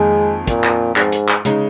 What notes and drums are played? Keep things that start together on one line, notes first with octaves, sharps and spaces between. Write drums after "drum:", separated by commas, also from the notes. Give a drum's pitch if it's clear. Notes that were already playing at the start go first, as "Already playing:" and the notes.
Already playing: F2 D#3 G#3 A#3
A#2, drum: kick, hi-hat
drum: clap
G#2, drum: clap
drum: hi-hat
drum: clap
C#3 G#3 D#4, drum: hi-hat